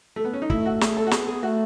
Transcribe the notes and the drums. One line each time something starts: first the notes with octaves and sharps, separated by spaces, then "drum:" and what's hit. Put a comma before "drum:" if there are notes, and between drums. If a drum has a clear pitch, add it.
A3
B3
C#4
D#4
A3 E4, drum: kick
F#4
G#4, drum: snare
A4
F#4
B3 G#4, drum: snare
G#4
A3 F#4